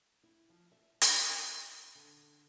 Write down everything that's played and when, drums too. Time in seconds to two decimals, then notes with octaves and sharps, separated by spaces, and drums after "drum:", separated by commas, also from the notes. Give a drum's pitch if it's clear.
0.23 E4
0.49 F3
0.72 E5
1.02 C#4, drum: hi-hat
1.19 E5
1.95 D3